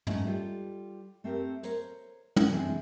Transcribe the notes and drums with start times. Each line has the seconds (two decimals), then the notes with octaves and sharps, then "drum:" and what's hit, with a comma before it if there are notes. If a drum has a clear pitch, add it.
0.07 G#3 A3 B3 C#4 D#4 F#4, drum: tom G#2
0.26 G3 F4 G4 A4
1.24 A3 C4 G4 A#4
1.63 A#4 C5 C#5, drum: hi-hat
2.36 drum: tom
2.52 C3 E3 G#3 C4 D4